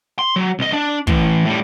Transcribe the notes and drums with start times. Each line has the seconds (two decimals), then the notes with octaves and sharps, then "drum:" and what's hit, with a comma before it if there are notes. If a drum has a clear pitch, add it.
0.19 C6
0.36 F#3
0.59 C2 D#5
0.73 D4
1.07 A2 E3, drum: kick
1.45 A2 G3